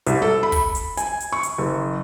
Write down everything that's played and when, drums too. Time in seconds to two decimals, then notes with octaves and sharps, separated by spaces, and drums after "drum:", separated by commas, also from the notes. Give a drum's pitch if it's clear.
0.07 C2, drum: hi-hat
0.22 A4
0.43 B5
0.52 drum: kick, open hi-hat
0.75 drum: hi-hat
0.97 G#5, drum: hi-hat
1.21 drum: hi-hat
1.33 C#6
1.43 drum: hi-hat
1.58 F#1